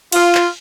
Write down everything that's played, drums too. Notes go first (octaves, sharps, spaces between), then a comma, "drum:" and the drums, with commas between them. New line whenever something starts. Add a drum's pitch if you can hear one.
F4, drum: cymbal
drum: clap